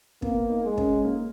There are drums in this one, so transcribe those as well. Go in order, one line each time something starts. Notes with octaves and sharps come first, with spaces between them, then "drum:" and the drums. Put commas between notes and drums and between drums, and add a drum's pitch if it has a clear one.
A#3 B3, drum: kick
D#4
G#3
C#4, drum: kick
A#3